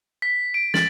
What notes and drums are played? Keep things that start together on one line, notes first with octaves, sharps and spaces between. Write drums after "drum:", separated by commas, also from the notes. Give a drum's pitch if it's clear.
B6
D7
A6 F#7, drum: snare